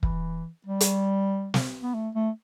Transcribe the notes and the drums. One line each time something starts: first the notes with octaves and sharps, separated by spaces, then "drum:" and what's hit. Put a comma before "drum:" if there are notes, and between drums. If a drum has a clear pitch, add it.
E3, drum: kick
G3
drum: hi-hat
drum: snare
B3
A3
A3